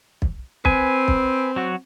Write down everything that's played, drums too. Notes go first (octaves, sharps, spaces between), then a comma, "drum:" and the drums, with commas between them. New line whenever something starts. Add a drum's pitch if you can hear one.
drum: kick
C4 B4 G#5, drum: kick
drum: kick
F#3 F#4